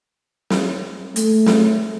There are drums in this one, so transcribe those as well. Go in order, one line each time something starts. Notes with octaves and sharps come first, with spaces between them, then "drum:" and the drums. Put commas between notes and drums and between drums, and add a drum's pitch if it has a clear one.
drum: snare
A3, drum: hi-hat
drum: snare